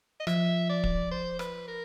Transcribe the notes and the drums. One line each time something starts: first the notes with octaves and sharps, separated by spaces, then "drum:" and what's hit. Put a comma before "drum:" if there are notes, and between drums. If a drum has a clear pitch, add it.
D#5
F3 E5, drum: rim click
D5
drum: kick
C5
B4, drum: rim click
A#4